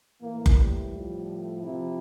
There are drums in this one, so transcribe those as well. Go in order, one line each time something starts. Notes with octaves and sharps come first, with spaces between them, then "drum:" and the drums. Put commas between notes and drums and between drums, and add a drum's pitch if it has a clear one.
A2 E3 A#3
drum: kick F#1
G3
A2 F3
C3 F3 E4